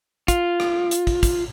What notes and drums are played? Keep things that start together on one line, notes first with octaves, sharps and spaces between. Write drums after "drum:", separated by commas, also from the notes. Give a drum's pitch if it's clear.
F4, drum: kick, hi-hat
drum: rim click
drum: hi-hat
drum: kick
drum: kick, hi-hat